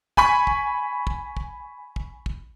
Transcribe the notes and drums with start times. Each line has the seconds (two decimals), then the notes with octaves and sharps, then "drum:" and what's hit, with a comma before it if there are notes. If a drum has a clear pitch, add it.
0.17 G#5 B5 C#6, drum: kick
0.47 drum: kick
1.07 drum: kick
1.37 drum: kick
1.96 drum: kick
2.26 drum: kick